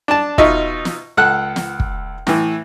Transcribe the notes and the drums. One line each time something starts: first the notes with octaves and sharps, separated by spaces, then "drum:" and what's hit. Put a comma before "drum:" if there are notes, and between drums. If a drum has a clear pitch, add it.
D4 A5
B2 D#4 F4 E5 C#6, drum: kick
drum: snare
C#2 A4 F#5 F#6
drum: snare
drum: kick
A2 E3, drum: snare